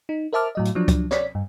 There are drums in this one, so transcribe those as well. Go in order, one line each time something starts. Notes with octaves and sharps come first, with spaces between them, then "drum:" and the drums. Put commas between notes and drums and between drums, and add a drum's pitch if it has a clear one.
D#4
A#4 C5 E5 A5 D6 F6
A2 F#3 D#5
drum: hi-hat
F3 F#3 D4
drum: kick C#2, hi-hat
C#5 D5 B6, drum: snare
G2